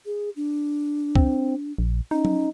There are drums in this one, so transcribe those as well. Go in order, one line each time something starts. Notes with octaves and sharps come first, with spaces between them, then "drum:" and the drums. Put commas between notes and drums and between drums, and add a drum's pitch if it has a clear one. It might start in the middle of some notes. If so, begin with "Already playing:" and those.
G#4
D4
C4, drum: kick C2
A#1
C#4 D#4
drum: tom F#3